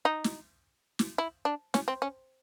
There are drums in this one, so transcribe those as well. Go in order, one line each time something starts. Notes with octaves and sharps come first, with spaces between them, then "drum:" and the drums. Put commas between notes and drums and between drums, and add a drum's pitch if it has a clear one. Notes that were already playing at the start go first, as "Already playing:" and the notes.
D#4
drum: snare
drum: snare
E4
D4
C#4, drum: snare
C4
C#4